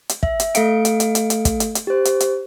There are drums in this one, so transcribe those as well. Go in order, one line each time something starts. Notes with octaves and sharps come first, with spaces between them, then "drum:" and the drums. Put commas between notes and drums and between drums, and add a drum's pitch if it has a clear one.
drum: hi-hat
E5, drum: kick
drum: hi-hat
A3 A4 F5 C#7 D7, drum: hi-hat
drum: hi-hat
drum: hi-hat
drum: hi-hat
drum: hi-hat
drum: kick, hi-hat
drum: hi-hat
drum: hi-hat
G4 C5
drum: hi-hat
drum: hi-hat